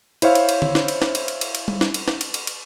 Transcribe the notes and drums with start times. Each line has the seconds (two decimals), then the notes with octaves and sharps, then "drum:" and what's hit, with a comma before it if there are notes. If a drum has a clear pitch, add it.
0.22 E4 C5 C#5 F5, drum: cymbal
0.35 drum: cymbal
0.49 drum: cymbal
0.62 drum: tom D3
0.75 drum: snare
0.88 drum: cymbal
1.02 drum: snare
1.15 drum: cymbal
1.28 drum: cymbal
1.41 drum: cymbal
1.55 drum: cymbal
1.68 drum: tom G3
1.81 drum: snare
1.94 drum: cymbal
2.08 drum: snare
2.21 drum: cymbal
2.34 drum: cymbal
2.47 drum: cymbal